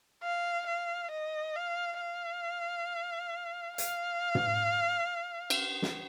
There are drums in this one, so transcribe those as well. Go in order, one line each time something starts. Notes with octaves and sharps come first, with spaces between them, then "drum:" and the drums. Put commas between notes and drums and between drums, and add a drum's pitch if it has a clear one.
F5
F5
D#5
F5
F5
F5, drum: hi-hat
drum: tom
drum: cymbal
drum: snare